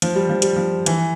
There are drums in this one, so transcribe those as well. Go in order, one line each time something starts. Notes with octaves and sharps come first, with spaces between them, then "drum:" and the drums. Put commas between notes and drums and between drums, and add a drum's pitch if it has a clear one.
F3, drum: hi-hat
G3
F3
G3, drum: hi-hat
F3
E3, drum: hi-hat